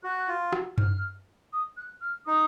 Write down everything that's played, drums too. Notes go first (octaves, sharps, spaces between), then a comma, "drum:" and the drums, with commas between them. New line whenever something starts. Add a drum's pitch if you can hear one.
F#4 F#6
F4
drum: rim click
F6, drum: tom G2
D#6
F#6
F6
D#4 D#6